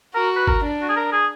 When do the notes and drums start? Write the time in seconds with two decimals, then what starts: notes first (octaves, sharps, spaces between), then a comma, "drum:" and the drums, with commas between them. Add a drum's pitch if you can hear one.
0.15 F#4 A#4
0.36 B4
0.47 A#4, drum: kick G#1
0.64 D4
0.82 F#4
0.89 G#4
0.96 A#4
1.12 G#4